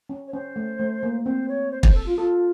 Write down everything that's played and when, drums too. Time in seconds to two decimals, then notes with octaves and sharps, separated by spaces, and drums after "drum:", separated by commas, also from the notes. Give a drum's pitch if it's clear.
0.09 C#4
0.27 C#5
0.33 C#4 C5
0.56 A3
0.79 A3
1.03 A#3
1.25 C4 C5
1.49 C#5
1.72 C5
1.83 C5, drum: kick
1.95 A4
2.06 F4
2.18 F4 A4